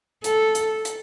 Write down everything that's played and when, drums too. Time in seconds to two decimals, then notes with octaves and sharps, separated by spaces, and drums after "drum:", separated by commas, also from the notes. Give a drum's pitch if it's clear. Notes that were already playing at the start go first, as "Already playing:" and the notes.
0.24 A4, drum: hi-hat
0.55 drum: hi-hat
0.85 drum: hi-hat